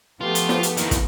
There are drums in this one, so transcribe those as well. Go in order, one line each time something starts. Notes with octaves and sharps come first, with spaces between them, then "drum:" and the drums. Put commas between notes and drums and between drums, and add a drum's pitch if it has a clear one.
F3 A3 B3 F4 G4 B4
drum: hi-hat
drum: snare
drum: hi-hat
E2 D#3 A#3, drum: hi-hat
drum: kick, hi-hat